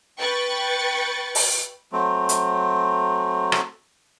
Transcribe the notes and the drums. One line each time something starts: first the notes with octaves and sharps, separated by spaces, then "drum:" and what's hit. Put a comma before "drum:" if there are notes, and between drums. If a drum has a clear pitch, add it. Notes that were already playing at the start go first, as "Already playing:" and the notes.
B4 G5 C#6 F#6 A6
drum: open hi-hat
F#3 A3 C4
drum: hi-hat
drum: rim click